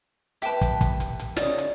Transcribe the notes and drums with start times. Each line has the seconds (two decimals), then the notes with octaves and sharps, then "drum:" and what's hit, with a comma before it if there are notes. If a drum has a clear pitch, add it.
0.42 G4 B4 E5 G5 A5, drum: hi-hat
0.61 drum: kick, hi-hat
0.81 drum: kick, hi-hat
1.00 drum: hi-hat
1.19 drum: hi-hat
1.37 C#3 D#4 D5, drum: snare
1.58 drum: hi-hat